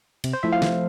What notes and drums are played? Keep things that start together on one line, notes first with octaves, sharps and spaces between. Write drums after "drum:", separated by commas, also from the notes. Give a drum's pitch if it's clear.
C3, drum: cymbal
C5
F3 A3 E4 E5
F5
C3, drum: snare